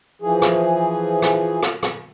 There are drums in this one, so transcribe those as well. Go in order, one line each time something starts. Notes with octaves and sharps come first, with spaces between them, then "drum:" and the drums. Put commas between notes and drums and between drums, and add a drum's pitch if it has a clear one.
E3 F3 G#4
drum: rim click
drum: rim click
drum: rim click
drum: rim click